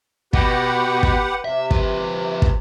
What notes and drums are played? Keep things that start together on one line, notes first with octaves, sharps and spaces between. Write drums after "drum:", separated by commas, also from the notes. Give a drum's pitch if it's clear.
B2 G4 B4 F#5, drum: kick
drum: kick
C3 E5
F3 B4, drum: kick
drum: kick